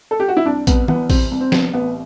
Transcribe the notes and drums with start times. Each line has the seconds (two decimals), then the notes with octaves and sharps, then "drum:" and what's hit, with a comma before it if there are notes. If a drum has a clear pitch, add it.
0.11 A4
0.20 G4
0.28 F#4
0.37 E4
0.46 C2 D4
0.67 C2 B3, drum: kick, hi-hat
0.88 E3 B3, drum: tom
1.10 C3 C4, drum: kick, open hi-hat
1.31 C2
1.40 C4
1.52 C2 B3, drum: snare F3
1.74 A1 B3